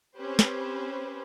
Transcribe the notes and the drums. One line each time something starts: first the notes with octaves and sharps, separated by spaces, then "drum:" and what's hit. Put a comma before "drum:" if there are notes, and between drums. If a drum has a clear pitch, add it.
C4 C#4 G4 B4 C5
drum: snare